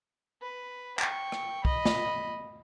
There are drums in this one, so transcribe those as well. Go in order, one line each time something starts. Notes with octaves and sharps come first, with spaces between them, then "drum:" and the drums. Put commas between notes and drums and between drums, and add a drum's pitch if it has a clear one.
B4
G5 C#6, drum: clap
drum: rim click
D#5 B5, drum: kick
drum: snare